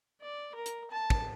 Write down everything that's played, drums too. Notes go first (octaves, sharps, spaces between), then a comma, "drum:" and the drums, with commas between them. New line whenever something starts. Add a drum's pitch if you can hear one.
D5
A#4
drum: hi-hat
A5
drum: kick